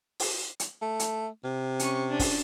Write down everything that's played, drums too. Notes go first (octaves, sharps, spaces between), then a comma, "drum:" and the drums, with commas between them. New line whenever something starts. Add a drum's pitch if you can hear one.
drum: open hi-hat
drum: hi-hat
A3
drum: hi-hat
C3
C#4 C#6, drum: hi-hat
C#4 D4
drum: kick, open hi-hat